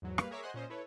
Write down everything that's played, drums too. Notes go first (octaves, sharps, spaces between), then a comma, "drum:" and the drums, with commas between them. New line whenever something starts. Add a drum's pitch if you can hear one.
E2 G#2 F#3
G3 A#3 B4 F5, drum: rim click
G#4 A#4 C#5 E5 D6 B6
C5 D#5 F#5 G#5 C6 F#6
A#2 C#4 C5 D#5
E4 A4 B4 C#5